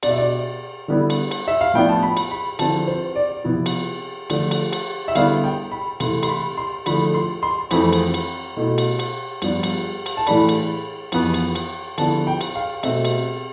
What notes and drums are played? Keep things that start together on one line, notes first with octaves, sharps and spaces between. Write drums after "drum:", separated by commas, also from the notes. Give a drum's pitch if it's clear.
B2 B3 D4 D5, drum: cymbal
E5
D5
D3 G3 B3 E4
drum: cymbal
drum: cymbal
E5
F5
A2 F3 B3 D4 G5
A5
B5
drum: cymbal
B5
D3 F3 C4 E4 A5, drum: cymbal
C5
D5
C3 F3 B3 E4
drum: cymbal
D3 F3 A3, drum: cymbal
drum: cymbal
drum: cymbal
E5
D3 G3 B3 E4 F5, drum: cymbal
G5
B5
C3 E3 A3 E4 C6, drum: cymbal
C6, drum: cymbal
B5
C6
D3 F3 A3 E4 B5, drum: cymbal
C6
C6
F2 E3 A3 C4 B5, drum: cymbal
drum: cymbal
drum: cymbal
B2 A3 E4
drum: cymbal
drum: cymbal
G2 F3 B3 D4, drum: cymbal
drum: cymbal
drum: cymbal
A5
A2 E3 A3 D4 B5, drum: cymbal
drum: cymbal
F2 E3 B3, drum: cymbal
drum: cymbal
drum: cymbal
D3 F3 B3 E4 A5, drum: cymbal
G5
drum: cymbal
F5
B2 A3 C4 E5, drum: cymbal
drum: cymbal